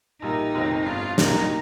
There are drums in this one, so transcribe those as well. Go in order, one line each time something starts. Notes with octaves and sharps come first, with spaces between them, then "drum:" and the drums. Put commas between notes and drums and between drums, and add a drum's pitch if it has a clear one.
A#1 A#2 G3 A#3 D#4
F1 F2 D#3 C4
G1 G2 F3 F4
C2 A#2 G3 A#3 D#4, drum: snare